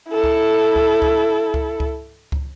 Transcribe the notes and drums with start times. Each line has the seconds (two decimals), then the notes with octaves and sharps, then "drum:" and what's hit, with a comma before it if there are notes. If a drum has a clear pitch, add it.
0.11 E4 A4
0.24 drum: kick C#2
0.76 drum: kick C#2
1.02 drum: kick C#2
1.54 drum: kick C#2
1.80 drum: kick C#2
2.32 drum: kick C#2